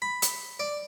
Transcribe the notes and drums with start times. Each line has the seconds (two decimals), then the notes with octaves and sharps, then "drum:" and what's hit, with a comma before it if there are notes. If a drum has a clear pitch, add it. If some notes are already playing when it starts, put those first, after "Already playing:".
0.02 B5
0.22 drum: hi-hat
0.60 D5